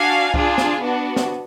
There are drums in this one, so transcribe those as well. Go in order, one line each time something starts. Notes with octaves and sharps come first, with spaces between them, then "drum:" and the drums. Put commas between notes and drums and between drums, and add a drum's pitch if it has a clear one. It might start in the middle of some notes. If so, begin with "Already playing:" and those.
Already playing: D4 F#4 F5 G#5
D4 F4 G#4, drum: kick C2
drum: snare
B3 D4 F#4
drum: snare